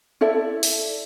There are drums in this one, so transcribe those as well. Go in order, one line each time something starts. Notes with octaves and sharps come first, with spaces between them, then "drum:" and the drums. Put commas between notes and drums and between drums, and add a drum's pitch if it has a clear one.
E4 A4 D5 E5
drum: open hi-hat